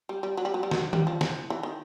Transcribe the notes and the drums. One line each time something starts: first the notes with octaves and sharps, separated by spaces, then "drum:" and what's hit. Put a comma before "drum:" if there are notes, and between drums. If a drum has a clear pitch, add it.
G3
G3
F#3
G3
F#3
G3
F#3, drum: snare
G3, drum: tom D#3
F3
E3, drum: snare
E3
D#3